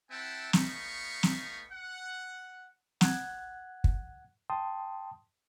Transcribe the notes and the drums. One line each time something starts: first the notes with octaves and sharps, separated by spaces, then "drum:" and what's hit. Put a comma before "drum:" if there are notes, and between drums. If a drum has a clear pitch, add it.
C4 E4 E5 F#5 G5 A5
A3 B3 D#4 F5 B5 C#6, drum: snare
drum: snare
F#5
F#5 F#6 G#6, drum: snare
drum: kick
G5 A5 C6 D#6